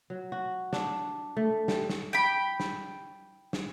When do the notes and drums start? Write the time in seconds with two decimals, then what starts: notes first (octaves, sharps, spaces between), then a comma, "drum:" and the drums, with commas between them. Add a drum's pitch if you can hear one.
0.10 F#3
0.32 F#4
0.73 D4, drum: snare
1.37 A3
1.68 G3, drum: snare
1.90 drum: snare
2.13 G5 B5
2.60 drum: snare
3.53 drum: snare